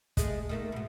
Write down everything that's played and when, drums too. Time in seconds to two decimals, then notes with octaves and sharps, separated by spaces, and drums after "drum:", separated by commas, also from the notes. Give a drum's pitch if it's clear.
0.17 G#3 A3 G#4, drum: kick, hi-hat
0.49 D#3 A3 A#3
0.72 G#2 B2